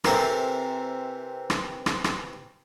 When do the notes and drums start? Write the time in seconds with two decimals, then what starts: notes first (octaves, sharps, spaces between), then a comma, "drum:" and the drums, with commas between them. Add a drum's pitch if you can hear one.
0.04 C3 E3 C4 A4 A#4, drum: rim click
1.50 drum: rim click
1.86 drum: rim click
2.04 drum: rim click